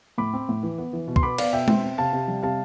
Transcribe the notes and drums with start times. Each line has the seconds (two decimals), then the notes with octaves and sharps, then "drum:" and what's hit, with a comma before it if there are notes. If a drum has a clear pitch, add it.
0.18 A2 B5 D6
0.33 C4
0.49 A2
0.63 E3
0.78 B3
0.93 E3
1.08 B2
1.16 C6, drum: kick
1.23 B3 B5 D6
1.38 B3 D5 F5, drum: cymbal
1.53 B2 E5 G5
1.68 C4, drum: tom G#3
1.83 C4
1.98 C3 F5 A5
2.13 C3
2.28 G3
2.42 C3 F5 A5